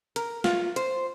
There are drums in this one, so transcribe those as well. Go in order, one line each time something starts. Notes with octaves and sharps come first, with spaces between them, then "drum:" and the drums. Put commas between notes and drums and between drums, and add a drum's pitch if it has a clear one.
A#4, drum: hi-hat
F4, drum: snare
C5, drum: hi-hat